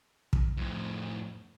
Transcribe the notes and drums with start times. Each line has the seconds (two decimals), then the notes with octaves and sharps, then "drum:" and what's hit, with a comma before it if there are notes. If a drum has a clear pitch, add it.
0.33 drum: kick
0.57 F2 A2